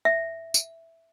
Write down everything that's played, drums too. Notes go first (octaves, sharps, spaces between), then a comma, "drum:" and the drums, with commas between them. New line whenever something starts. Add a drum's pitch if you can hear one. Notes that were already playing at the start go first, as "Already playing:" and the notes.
E5
drum: tambourine